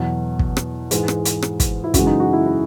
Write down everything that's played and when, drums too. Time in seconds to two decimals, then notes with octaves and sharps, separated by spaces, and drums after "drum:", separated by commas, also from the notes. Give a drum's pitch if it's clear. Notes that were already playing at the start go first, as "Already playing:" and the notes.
Already playing: E2 B2 F#3
0.39 drum: kick
0.57 drum: rim click
0.91 G#2 E3 G#3, drum: hi-hat
1.08 drum: rim click
1.25 drum: hi-hat
1.42 drum: rim click
1.60 drum: kick, hi-hat
1.84 E4
1.94 F#2 C#3 E3 G#3 F#4, drum: kick, hi-hat
2.07 D#4
2.20 F#4
2.33 E4
2.46 E4